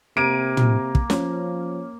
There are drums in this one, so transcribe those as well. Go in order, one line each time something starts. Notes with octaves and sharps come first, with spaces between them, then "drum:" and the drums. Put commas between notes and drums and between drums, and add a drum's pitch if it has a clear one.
C3 A#3 D7 D#7
drum: tom
drum: kick
F3 C#4, drum: snare